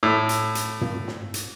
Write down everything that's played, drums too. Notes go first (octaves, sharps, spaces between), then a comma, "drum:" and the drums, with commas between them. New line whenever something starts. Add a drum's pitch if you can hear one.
A2
drum: hi-hat
drum: hi-hat
drum: tom
drum: snare
drum: hi-hat